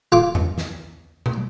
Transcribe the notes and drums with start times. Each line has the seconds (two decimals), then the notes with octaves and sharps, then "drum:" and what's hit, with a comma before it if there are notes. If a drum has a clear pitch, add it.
0.12 F4 D6
0.35 drum: tom E2
0.58 drum: snare
1.26 drum: tom B2